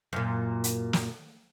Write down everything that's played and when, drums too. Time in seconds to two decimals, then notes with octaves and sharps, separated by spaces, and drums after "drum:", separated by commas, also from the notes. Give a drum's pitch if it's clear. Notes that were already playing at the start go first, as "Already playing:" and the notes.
0.13 F#2 A#2
0.64 drum: hi-hat
0.93 drum: snare